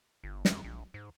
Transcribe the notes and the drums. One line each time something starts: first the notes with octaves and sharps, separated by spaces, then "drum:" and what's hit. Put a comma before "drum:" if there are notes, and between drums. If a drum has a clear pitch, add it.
G1
F2, drum: snare
A#1
G#2